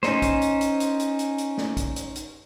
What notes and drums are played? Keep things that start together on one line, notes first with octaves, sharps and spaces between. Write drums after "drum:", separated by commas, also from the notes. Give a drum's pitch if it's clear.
C#4 D#4 C5, drum: snare
drum: kick, hi-hat
drum: hi-hat
drum: hi-hat
drum: hi-hat
drum: hi-hat
drum: hi-hat
drum: hi-hat
drum: snare
drum: kick, hi-hat
drum: hi-hat
drum: hi-hat